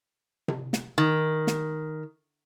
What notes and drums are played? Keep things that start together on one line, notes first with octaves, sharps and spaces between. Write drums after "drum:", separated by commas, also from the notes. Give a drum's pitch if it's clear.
drum: tom C3
drum: snare
D#3
drum: snare